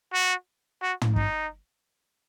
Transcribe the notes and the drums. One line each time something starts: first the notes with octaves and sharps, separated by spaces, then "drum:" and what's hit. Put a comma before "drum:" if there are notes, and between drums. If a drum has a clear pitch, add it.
F#4
F#4
drum: tom
D#4, drum: kick